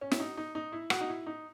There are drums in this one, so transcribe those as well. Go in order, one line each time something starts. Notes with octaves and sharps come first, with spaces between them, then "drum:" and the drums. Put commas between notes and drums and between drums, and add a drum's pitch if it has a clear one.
C#4
E4, drum: snare
D#4
D#4
D#4
E4
F#4, drum: rim click
D#4
E4
D#4